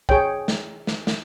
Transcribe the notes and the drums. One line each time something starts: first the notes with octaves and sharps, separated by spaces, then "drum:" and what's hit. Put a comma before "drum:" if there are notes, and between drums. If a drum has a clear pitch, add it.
G#4 C#5 G5, drum: kick
drum: snare
drum: snare
drum: snare